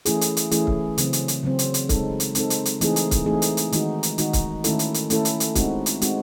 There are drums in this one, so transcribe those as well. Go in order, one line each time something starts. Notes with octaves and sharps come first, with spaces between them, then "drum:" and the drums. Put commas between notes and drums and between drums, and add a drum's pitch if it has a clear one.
E3 A3 C#4 E4 G#4, drum: hi-hat
drum: hi-hat
drum: hi-hat
E3 A3 C#4 E4 G#4, drum: hi-hat
drum: kick C#1
C#3 F#3 C4, drum: hi-hat
drum: hi-hat
drum: hi-hat
C#3 F#3 C4
drum: hi-hat
drum: hi-hat
G#3 C4 D#4 A4, drum: kick C#1, hi-hat
drum: hi-hat
G#3 C4 D#4 A4, drum: hi-hat
drum: hi-hat
drum: hi-hat
E3 A3 C4 D#4 G#4, drum: hi-hat
drum: hi-hat
drum: kick C#1, hi-hat
E3 A3 C4 D#4 G#4
drum: hi-hat
drum: hi-hat
D#3 G#3 D#4 F#4, drum: hi-hat
drum: hi-hat
D#3 G#3 D#4 F#4, drum: hi-hat
drum: kick C#1, hi-hat
D#3 A3 C#4 E4 A4, drum: hi-hat
drum: hi-hat
drum: hi-hat
D#3 A3 C#4 E4 A4, drum: hi-hat
drum: hi-hat
drum: hi-hat
G#3 C4 D#4 F#4, drum: kick C#1, hi-hat
drum: hi-hat
G#3 C4 D#4 F#4, drum: hi-hat